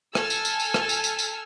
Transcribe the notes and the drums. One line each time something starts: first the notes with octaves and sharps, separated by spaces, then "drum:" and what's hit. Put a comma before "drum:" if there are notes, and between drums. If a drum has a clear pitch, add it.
A4 G#5 A5 E6 F6, drum: rim click
drum: tambourine
drum: tambourine
drum: tambourine
drum: rim click
drum: tambourine
drum: tambourine
drum: tambourine